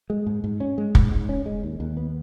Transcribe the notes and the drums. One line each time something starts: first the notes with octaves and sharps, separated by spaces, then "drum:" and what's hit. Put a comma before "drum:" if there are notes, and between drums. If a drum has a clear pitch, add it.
G#3
G#2
G#2
C#4
G#3
G#2, drum: kick
G#2
C#4
G#3
D#2
D#2
B3